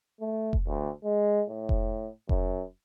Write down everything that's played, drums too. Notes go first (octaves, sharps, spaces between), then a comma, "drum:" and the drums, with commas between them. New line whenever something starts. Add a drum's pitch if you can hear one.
A3
drum: kick F1
D2
G#3
A2
drum: kick F1
F#2, drum: kick F1